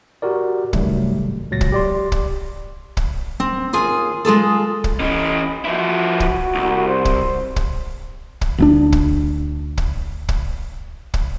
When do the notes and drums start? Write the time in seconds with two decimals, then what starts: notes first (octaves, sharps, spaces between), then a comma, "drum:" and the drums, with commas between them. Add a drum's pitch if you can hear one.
0.22 F#4 G4 A#4 D5
0.73 F#2 C3 D#3 F#3 G3 A3, drum: kick
1.18 G#1
1.51 C#2 A#2 F#3 A6 A#6
1.61 drum: kick
1.72 G4 D5 C6
2.12 drum: kick
2.97 drum: kick
3.40 C4
3.73 D#2 F4 G#4 G#5
4.25 G#3 F4 G#4 A4
4.84 drum: kick
5.00 E3 C#4 D#5
5.65 F3 E4 F#4
6.20 drum: kick
6.55 C2
6.87 C5
7.05 drum: kick
7.56 drum: kick
8.41 drum: kick
8.58 D2 A3 D4
8.92 drum: kick
9.78 drum: kick
10.29 drum: kick
11.14 drum: kick